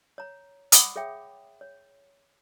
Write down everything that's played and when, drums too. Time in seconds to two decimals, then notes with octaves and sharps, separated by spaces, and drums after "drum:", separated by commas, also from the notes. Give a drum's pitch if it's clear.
0.18 C#5 A#5
0.72 F#5 B5 D6 D#6, drum: hi-hat
0.96 G#4 C#5 E5 G5
1.61 C#5